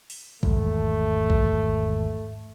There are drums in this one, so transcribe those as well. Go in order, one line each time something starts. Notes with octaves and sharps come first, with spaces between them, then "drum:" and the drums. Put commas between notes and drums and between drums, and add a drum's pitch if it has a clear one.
drum: open hi-hat
G#1 E2 G#2 A3, drum: kick A#1
drum: kick A#1